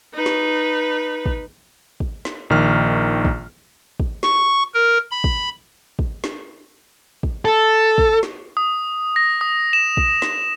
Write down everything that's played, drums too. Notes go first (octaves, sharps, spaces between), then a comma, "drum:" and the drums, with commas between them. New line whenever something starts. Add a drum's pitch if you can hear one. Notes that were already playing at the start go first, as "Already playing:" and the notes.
D#4 B4
drum: snare
drum: kick
drum: kick
drum: snare
A#1 D#3 F6
drum: kick
drum: kick
C#6, drum: snare
A#4
B5
drum: kick
drum: kick
drum: snare
drum: kick
A4
drum: kick
drum: snare
D#6
A#6
D#6
E7
drum: kick
drum: snare